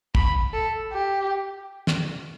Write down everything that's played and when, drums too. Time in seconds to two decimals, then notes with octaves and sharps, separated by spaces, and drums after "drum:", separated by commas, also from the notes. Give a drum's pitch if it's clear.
0.15 B5, drum: kick
0.53 A4
0.92 G4
1.87 drum: snare